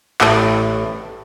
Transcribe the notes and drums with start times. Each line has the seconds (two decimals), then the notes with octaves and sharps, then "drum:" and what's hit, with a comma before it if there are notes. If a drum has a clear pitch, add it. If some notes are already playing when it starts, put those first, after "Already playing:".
0.21 A1 A2 D5, drum: clap